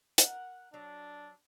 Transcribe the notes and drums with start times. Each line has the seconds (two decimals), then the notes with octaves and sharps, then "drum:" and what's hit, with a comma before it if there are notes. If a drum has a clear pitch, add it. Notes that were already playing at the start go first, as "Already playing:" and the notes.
0.18 A#4 F#5, drum: hi-hat
0.74 F#3 D4